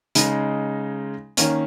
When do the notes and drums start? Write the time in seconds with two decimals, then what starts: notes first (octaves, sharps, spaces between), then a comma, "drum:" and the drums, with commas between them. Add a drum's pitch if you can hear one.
0.15 C#3 G#3 D#4, drum: hi-hat
1.37 D#3 A#3 C#4, drum: hi-hat